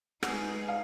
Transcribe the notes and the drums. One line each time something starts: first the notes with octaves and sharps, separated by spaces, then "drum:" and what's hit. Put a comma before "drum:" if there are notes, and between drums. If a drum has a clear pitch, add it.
G#3 D#4 G#4 B4 F#5, drum: rim click
F5